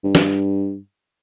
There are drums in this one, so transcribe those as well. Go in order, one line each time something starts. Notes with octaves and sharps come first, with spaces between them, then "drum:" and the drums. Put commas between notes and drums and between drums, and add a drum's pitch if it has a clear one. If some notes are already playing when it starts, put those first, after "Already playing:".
G2
drum: snare